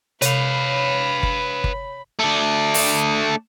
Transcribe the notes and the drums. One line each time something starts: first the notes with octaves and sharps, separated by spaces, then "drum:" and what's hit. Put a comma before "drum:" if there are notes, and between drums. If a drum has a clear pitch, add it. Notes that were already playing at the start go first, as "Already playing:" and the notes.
C3 B4 C#5 F5 B5, drum: hi-hat
drum: kick G1
drum: kick G1
A3 D4
drum: open hi-hat